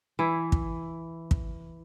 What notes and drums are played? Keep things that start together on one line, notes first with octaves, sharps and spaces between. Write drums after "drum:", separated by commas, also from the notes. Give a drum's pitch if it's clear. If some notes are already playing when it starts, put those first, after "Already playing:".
E3 E4
drum: kick
drum: kick